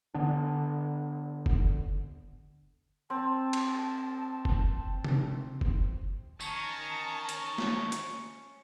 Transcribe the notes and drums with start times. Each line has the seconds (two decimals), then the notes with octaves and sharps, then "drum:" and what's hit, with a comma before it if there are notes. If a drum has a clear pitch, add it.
0.14 D3 B3 D4
1.46 drum: kick F#1
3.10 C4 A5
3.53 drum: cymbal
4.45 drum: kick F#1
5.04 drum: tom C3
5.61 drum: kick F#1
6.40 D#3 C#4 A5 A#5, drum: tambourine
7.29 drum: hi-hat
7.58 drum: snare
7.92 drum: hi-hat